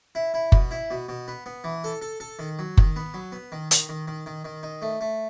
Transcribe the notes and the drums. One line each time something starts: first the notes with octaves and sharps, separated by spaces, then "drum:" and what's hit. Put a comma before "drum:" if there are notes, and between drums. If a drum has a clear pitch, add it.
E4
E4
B2, drum: kick F#1
E4
B2
B2
B3
B3
E3
A4
A4
A4
D#3
F#3
D#3, drum: kick F#1
B3
F#3
B3
D#3
D#3, drum: hi-hat
D#3
D#3
D#3
D#3
D#4
A3
A3